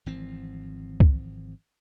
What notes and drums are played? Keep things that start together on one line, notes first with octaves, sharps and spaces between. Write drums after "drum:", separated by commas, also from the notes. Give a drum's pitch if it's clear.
G#1 E3 F3 C4
drum: kick C2